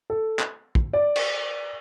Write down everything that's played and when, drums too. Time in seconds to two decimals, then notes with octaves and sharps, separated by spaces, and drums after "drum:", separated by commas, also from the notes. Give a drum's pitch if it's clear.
0.10 A4
0.39 drum: clap
0.75 drum: kick
0.93 D5
1.16 drum: cymbal